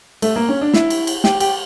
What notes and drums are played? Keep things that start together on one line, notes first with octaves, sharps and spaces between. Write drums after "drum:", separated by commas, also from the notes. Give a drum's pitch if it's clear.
A3, drum: cymbal
A#3
C#4
D4
E4, drum: snare
drum: cymbal
drum: cymbal
G4, drum: snare
G4, drum: cymbal